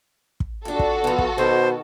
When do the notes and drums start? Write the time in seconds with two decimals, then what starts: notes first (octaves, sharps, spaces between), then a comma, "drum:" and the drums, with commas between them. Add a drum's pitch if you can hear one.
0.40 drum: kick
0.65 F2 D4 F#4 A4
0.79 drum: kick
1.04 E3 F3 B3
1.18 drum: kick
1.38 B2 D#3 C5